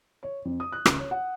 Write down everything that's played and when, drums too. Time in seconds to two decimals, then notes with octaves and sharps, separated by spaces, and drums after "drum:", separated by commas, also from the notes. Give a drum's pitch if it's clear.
0.23 C#5
0.45 F2
0.60 D#6
0.72 F#6
0.86 C#2, drum: rim click
0.99 C#5
1.11 F#5